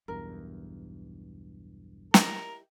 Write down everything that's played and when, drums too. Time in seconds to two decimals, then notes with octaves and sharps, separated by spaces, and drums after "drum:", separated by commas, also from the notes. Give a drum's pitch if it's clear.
0.08 B1 E2 G2 A#4
2.14 E4 G4 A#4 D#5, drum: snare